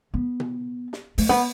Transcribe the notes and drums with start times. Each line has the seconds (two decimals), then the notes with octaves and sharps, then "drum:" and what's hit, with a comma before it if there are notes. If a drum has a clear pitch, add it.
0.14 B3
0.40 drum: tom B2
0.93 drum: snare
1.18 A3, drum: open hi-hat
1.29 B3